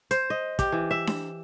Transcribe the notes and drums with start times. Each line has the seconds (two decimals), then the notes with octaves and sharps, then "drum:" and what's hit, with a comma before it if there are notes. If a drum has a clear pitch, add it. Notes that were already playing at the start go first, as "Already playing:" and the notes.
0.11 C5, drum: hi-hat
0.30 D#5
0.59 G4, drum: kick, hi-hat
0.72 E3
0.91 E5
1.07 drum: snare D4